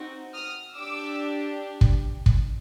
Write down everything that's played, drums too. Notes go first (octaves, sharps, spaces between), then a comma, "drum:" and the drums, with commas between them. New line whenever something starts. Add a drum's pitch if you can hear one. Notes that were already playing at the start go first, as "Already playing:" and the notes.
Already playing: C4 D#4 F#4
D#6 F6
D4 G4 D6 E6
drum: kick
drum: kick